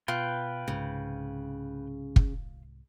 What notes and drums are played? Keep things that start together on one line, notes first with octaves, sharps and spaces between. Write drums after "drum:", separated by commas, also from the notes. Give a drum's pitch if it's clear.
B2 F4 B4 G5
C2 G#2 C#3
drum: kick